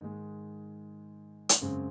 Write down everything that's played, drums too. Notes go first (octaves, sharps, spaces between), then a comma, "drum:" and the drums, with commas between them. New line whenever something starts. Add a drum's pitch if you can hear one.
G#2 D#3 G#3
drum: hi-hat
F#2 C#3 G#3 C4